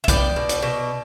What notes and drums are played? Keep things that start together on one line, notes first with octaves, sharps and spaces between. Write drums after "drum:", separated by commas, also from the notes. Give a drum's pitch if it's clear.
E5
B3 D5 G5, drum: kick, hi-hat
B2
drum: hi-hat
B2